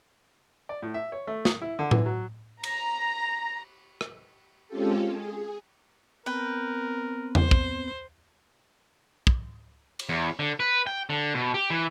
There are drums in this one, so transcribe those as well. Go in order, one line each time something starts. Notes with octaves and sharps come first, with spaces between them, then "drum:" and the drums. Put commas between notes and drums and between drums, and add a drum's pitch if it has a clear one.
D5
A2
E5
C#5
A3
D#6, drum: snare
E4
D3
E3, drum: tom A2
F#3
A#5, drum: cymbal
drum: rim click
G#3 C4 C#4 F4 G4 A4
G#4
B3 C4 A#4 B4 G5
C5, drum: tom E2
drum: kick
drum: kick
drum: cymbal
E2
D3
B4
G5
D3
B2
G4
E3